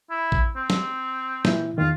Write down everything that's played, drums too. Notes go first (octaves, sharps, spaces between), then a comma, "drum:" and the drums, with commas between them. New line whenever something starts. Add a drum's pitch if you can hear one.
E4
drum: kick A1
C4
drum: snare
A#2 E3 E4, drum: snare
E2 D#3 F4